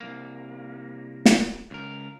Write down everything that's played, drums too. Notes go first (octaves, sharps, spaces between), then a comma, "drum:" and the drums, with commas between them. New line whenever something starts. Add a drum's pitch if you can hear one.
C2 A#3
drum: snare
C#2 A#4